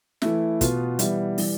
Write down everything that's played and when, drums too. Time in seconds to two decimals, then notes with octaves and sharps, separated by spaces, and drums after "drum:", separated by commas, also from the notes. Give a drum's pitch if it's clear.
0.22 E3 A3 E4, drum: snare
0.61 B2 B3 F4, drum: kick, hi-hat
0.99 E3 G3 B3 E4, drum: hi-hat
1.38 E3 G3, drum: open hi-hat